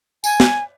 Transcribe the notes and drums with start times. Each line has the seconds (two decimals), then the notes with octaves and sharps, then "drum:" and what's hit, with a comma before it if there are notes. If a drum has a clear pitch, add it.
0.24 G#5, drum: tambourine
0.40 drum: snare